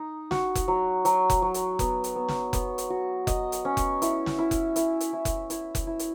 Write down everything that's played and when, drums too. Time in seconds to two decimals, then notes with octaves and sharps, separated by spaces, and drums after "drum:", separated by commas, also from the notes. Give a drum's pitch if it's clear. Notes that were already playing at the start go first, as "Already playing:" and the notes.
Already playing: D#4
0.31 F#4, drum: snare
0.55 drum: kick F1, hi-hat
0.68 F#3
1.05 F#3, drum: hi-hat
1.30 drum: kick F1, hi-hat
1.42 F#3
1.54 drum: hi-hat
1.79 B3, drum: kick F1, hi-hat
2.04 drum: hi-hat
2.16 B3
2.28 drum: snare
2.53 B3, drum: kick F1, hi-hat
2.78 drum: hi-hat
2.90 F#4
3.27 D#5, drum: kick F1, hi-hat
3.52 drum: hi-hat
3.65 C#4
3.77 drum: kick F1, hi-hat
4.02 E4, drum: hi-hat
4.26 drum: snare
4.39 E4
4.51 drum: kick F1, hi-hat
4.76 E4, drum: hi-hat
5.00 drum: hi-hat
5.13 E4
5.25 drum: kick F1, hi-hat
5.50 E4, drum: hi-hat
5.75 drum: kick F1, hi-hat
5.87 E4
5.99 drum: hi-hat